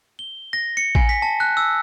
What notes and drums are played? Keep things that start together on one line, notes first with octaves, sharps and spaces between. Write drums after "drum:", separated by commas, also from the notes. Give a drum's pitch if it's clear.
G7
A#6
C#7
G#5, drum: kick A1
B6
A5
F#6
E6